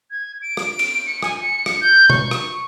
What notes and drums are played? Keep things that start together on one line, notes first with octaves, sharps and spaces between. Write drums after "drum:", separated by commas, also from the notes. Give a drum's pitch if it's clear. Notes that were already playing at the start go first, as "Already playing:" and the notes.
G#6
D7
drum: rim click
drum: cymbal
C#7
G#5, drum: rim click
C#7
drum: rim click
G6
C#6, drum: tom
drum: rim click